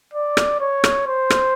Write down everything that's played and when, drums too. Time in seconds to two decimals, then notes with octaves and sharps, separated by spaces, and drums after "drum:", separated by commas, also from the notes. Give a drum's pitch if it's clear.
0.13 D5
0.37 drum: rim click
0.60 C#5
0.84 drum: rim click
1.07 C5
1.30 drum: rim click